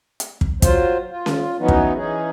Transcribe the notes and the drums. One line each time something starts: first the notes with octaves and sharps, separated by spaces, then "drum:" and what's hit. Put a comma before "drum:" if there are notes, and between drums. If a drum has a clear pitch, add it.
drum: hi-hat
drum: kick
F#3 F4 C5, drum: kick, hi-hat
F4
drum: snare C#4
E3 F#3 B3 C#4 D#4
drum: kick
E3 C#4 D#4 G#4